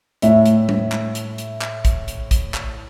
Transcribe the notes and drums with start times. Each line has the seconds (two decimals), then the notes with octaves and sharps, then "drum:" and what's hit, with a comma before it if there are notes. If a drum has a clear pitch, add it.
0.22 A2 E5, drum: hi-hat
0.46 drum: hi-hat
0.69 drum: tom G3
0.92 drum: clap
1.15 drum: hi-hat
1.38 drum: hi-hat
1.61 drum: clap
1.85 drum: kick A1, hi-hat
2.08 drum: hi-hat
2.31 drum: kick A1, hi-hat
2.54 drum: clap